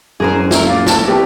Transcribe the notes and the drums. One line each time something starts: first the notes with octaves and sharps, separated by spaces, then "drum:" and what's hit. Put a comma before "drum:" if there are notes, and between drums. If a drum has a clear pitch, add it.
E1 F#2 G#4 A#4 C5
E4 A#4, drum: snare
A#2 F4
A2 A5, drum: snare
C2 A2 F3 B3 G4